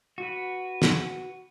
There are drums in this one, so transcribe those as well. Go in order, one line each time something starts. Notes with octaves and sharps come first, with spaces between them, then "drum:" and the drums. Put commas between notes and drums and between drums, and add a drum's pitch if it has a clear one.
F#4 B4
drum: snare